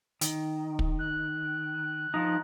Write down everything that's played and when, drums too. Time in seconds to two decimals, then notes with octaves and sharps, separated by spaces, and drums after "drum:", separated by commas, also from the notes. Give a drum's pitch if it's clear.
0.21 D#3, drum: hi-hat
0.79 drum: kick
0.99 F#6
2.14 F3 D#4